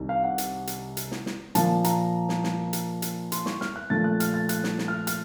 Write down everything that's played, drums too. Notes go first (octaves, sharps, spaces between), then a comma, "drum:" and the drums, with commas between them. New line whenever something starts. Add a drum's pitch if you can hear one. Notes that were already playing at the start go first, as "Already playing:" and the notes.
Already playing: C2 C3 D#3
F5
F#5
drum: hi-hat
drum: hi-hat
drum: hi-hat
drum: snare
drum: snare
A#2 F3 A#3 A5, drum: hi-hat
A#5, drum: hi-hat
drum: snare
drum: snare
drum: hi-hat
drum: hi-hat
C6, drum: hi-hat
C#6, drum: snare
F6, drum: snare
F#6
A#2 F3 A3 A6
F#6
F6, drum: hi-hat
A6
F#6, drum: hi-hat
drum: snare
drum: snare
F6
F6, drum: hi-hat